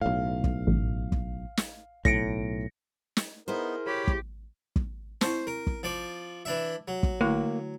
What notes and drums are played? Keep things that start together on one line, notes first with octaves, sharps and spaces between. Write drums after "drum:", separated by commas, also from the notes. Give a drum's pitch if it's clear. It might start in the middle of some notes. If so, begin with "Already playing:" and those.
B1 A2 F5
drum: kick
A1
drum: kick
drum: snare
B1 A2 A#6 C#7 D7, drum: kick
drum: snare
B3 D#4 E4 G#4 A#4 C5
G4 C#5 B5
drum: kick
drum: kick
C4 E4 C5, drum: snare
A#4
drum: kick
F3 D5
E3 D4 E5
F#3
drum: kick
D3 A3 A#3 E4